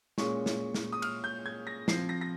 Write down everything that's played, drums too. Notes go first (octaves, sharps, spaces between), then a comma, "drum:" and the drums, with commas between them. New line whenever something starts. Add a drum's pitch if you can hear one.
A#2 G#3 C#4 C#6, drum: snare
drum: snare
drum: snare
D#6
F6, drum: cymbal
G6
G#6
A#6
F3 C4 C7, drum: snare
A#6
A#6